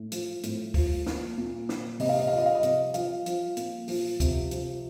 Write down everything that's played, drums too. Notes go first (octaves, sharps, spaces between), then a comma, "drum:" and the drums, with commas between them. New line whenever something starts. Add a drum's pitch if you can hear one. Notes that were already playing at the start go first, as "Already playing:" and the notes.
Already playing: A2
F3, drum: hi-hat
A2, drum: hi-hat
F3, drum: kick, open hi-hat
A#2, drum: snare
A#2
F3, drum: snare
C3 D#5, drum: open hi-hat
F5
D#5
F3 F5
D#5
F5
D#5
C3, drum: hi-hat
F3 F5, drum: hi-hat
F3, drum: hi-hat
A#2, drum: hi-hat
F3, drum: open hi-hat
C3, drum: kick, hi-hat
F3, drum: hi-hat